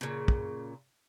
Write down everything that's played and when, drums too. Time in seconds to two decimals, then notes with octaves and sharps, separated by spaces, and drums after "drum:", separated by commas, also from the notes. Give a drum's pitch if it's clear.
0.01 A#2 C#3
0.28 drum: kick